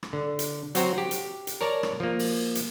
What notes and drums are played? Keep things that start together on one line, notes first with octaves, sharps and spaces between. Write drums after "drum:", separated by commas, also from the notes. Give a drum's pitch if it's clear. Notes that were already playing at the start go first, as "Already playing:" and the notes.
drum: rim click
D3
drum: hi-hat
F#3 C4 F#4 C5 A#5, drum: hi-hat
G4
drum: hi-hat
drum: hi-hat
A#4 C#5 D5 A5 A#5
drum: rim click
F3 A#3
drum: open hi-hat
drum: hi-hat